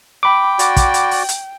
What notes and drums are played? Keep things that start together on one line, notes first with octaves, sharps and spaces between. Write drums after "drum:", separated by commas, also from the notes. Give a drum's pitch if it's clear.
G5 B5 D6
F#4 D5, drum: hi-hat
drum: kick, hi-hat
drum: hi-hat
drum: open hi-hat
drum: hi-hat